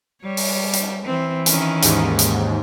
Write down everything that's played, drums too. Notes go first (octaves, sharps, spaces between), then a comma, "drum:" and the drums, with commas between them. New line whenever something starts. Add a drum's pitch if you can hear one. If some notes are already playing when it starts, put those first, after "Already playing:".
G3 C#5
drum: open hi-hat
drum: hi-hat
E3 C4
D#3 C#4, drum: hi-hat
D#2 G#2, drum: hi-hat
drum: hi-hat